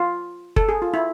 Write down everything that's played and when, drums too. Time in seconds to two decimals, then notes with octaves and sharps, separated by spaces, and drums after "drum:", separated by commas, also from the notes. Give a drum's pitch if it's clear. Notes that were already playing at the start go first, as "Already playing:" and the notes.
Already playing: F4
0.56 A4, drum: kick F#1
0.69 G#4
0.82 F4
0.94 E4